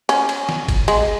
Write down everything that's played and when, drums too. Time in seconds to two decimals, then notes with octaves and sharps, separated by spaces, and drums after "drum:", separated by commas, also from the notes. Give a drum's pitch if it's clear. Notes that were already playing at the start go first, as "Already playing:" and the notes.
0.09 C#4, drum: cymbal
0.29 drum: cymbal
0.49 drum: snare
0.69 drum: kick G1, cymbal
0.88 G#3, drum: cymbal